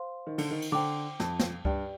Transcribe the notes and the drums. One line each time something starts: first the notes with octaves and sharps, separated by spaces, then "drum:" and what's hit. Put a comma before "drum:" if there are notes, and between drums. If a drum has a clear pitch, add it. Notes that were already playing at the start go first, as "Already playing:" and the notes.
Already playing: C5 F5 C6
D#3
D3, drum: cymbal
D#3
drum: cymbal
D3 C5 G5 D6
F2, drum: snare
drum: snare
G2 G4 D5 G5, drum: kick C#2